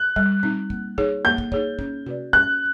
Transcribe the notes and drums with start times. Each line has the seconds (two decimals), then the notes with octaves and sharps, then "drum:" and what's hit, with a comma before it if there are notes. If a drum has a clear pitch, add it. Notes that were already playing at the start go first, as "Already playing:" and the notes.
Already playing: F#6
0.16 G3, drum: kick
0.43 C4 D#4, drum: tom A#2
0.70 A#3, drum: kick
0.98 D#4 G#4 C#5, drum: kick
1.25 A#3 G6
1.38 drum: kick
1.52 D#4 G#4 C#5, drum: kick
1.79 C#4, drum: kick
2.06 F#4 B4 D5, drum: tom C3
2.33 C#4 F#6, drum: kick